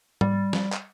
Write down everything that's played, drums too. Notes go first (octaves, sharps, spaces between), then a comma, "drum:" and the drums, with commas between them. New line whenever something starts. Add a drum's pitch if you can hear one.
G3, drum: tom G#2
drum: snare
drum: clap